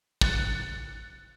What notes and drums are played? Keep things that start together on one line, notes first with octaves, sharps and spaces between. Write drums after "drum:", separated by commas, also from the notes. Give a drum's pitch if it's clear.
F#6 A6 C#7, drum: kick